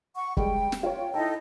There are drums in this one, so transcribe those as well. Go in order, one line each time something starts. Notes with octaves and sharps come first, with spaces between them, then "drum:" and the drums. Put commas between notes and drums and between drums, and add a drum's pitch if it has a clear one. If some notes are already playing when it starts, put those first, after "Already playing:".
F#5 C#6
G3 G#3 G5, drum: kick
drum: snare
F4 C#5 G5
D#4 E4 A4 D#5 G5